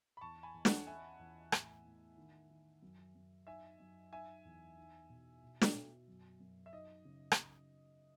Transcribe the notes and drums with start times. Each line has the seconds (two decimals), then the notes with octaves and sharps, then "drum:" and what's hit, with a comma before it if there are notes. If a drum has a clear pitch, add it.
0.17 B5
0.21 E2 A5 C#6
0.43 G#5 B5
0.54 E2
0.65 F#5 A5, drum: snare
0.87 C#4 E5 G#5
1.19 E2
1.52 A2, drum: rim click
1.85 A2
2.17 D#3
2.50 D#3
2.82 F#2
3.15 F#2
3.47 D#4 E5 G#5
3.80 F#2
4.12 D#4 E5 G#5
4.45 E2
4.78 D#4
5.10 B2
5.43 B2
5.61 drum: snare
5.75 B2
6.08 F#2
6.40 F#2
6.66 E5
6.73 D#4 D#5
7.05 C#3
7.32 drum: rim click